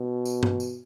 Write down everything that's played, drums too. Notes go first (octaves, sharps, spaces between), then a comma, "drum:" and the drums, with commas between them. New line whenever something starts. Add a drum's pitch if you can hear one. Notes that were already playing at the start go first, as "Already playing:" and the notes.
Already playing: B2
drum: tambourine
drum: tom
drum: tambourine